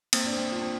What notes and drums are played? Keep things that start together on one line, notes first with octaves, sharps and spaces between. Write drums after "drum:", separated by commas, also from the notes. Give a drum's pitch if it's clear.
A#3 C4, drum: cymbal
D4
C4 C5
D4 F4
C4